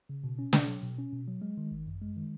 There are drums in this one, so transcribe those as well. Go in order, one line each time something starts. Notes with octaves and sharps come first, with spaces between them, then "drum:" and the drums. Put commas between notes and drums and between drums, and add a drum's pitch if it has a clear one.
C#3
B2
C#4
B2, drum: snare
F#3
B2
C#4
B2
F#3
G#3
D#3
G#1
F#2
G#3
D#3